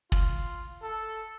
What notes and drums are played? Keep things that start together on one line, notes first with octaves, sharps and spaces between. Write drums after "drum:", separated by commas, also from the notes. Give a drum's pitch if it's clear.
F4, drum: kick
A4